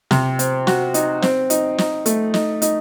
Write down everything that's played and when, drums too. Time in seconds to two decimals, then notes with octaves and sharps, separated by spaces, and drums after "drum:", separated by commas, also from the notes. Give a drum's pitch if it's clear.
0.11 C3, drum: snare
0.39 C4, drum: hi-hat
0.67 F#4, drum: snare
0.94 D#4, drum: hi-hat
1.22 C4, drum: snare
1.50 D#4, drum: hi-hat
1.78 D#4, drum: snare
2.06 A3, drum: hi-hat
2.34 D#4, drum: snare
2.62 D#4, drum: hi-hat